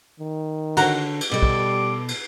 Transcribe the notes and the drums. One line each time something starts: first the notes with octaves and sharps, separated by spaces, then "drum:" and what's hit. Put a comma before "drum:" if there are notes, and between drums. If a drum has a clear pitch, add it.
D#3
D3 F#4 C#5 A#5 F#6, drum: cymbal
drum: cymbal
B2 G3 A4 D6
drum: kick
drum: cymbal